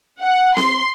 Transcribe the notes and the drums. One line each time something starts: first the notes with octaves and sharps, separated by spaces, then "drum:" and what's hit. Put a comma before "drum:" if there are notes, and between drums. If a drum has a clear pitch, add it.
F#5
C6, drum: snare C4